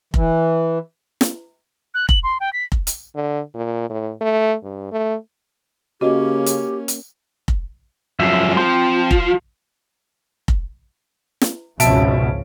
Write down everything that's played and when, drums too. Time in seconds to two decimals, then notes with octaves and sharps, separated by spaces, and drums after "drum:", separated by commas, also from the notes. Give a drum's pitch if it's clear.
0.14 E3, drum: kick F1
1.21 drum: snare
1.94 F#6
2.09 F#7, drum: kick F1
2.23 C6
2.40 G5
2.53 B6
2.72 drum: kick F1
2.87 drum: hi-hat
3.16 D3
3.55 A#2
3.90 A2
4.21 A3
4.63 G2
4.92 A3
6.01 C#3 A#3 C#4 F#4 G4 D#5
6.46 drum: hi-hat
6.88 drum: hi-hat
7.48 drum: kick F1
8.20 F#2 F3 E5
8.57 F3 C4 G5 C6
9.11 drum: kick F1
10.48 drum: kick F1
11.41 drum: snare
11.80 G#1 C#2 B2 F3 C#4 E5 A5 D7, drum: hi-hat